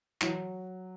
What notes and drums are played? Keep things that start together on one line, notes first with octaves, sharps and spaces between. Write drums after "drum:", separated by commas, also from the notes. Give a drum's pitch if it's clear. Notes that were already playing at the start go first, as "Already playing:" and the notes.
E3 F#3, drum: clap